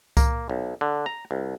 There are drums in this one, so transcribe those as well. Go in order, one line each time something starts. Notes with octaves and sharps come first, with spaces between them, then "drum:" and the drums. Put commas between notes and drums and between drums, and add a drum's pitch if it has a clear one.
A#3, drum: kick C2, tambourine
B1
D3
A#5
C2